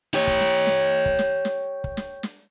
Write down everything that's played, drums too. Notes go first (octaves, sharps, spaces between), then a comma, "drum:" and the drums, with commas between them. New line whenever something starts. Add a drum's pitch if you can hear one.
G4 C#5
drum: kick
drum: snare
drum: snare
drum: kick
drum: snare
drum: snare
drum: kick
drum: snare
drum: snare